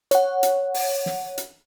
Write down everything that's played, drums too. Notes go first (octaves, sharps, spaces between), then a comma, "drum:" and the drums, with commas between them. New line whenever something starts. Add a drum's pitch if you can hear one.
C#5 F#5, drum: hi-hat
drum: hi-hat
drum: open hi-hat
drum: snare
drum: hi-hat